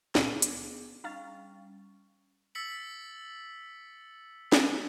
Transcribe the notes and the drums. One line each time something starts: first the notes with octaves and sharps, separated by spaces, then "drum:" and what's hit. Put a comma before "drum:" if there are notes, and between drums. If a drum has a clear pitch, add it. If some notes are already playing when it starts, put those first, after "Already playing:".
C#2 A#2 G3 B3 D4 G#4, drum: snare
drum: hi-hat
G3 C#4 D#4 F5 A6
E6 A6 B6 C#7 F#7
drum: snare